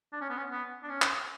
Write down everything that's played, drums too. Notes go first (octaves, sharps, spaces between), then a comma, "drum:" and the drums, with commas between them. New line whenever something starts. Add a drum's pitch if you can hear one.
D4
C#4
B3
C#4
B3
D4
C#4
drum: clap